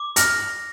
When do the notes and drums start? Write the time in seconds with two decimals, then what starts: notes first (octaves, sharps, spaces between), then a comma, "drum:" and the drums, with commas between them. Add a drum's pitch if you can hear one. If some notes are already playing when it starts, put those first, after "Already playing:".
Already playing: D6
0.16 F6 A#6, drum: hi-hat